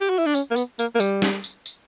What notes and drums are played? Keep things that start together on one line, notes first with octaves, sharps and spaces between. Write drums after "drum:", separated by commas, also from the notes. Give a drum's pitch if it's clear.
G4
F#4
E4
D4
C#4, drum: tambourine
A#3
B3, drum: tambourine
A#3, drum: tambourine
A#3
G3, drum: tambourine
drum: snare
drum: tambourine
drum: tambourine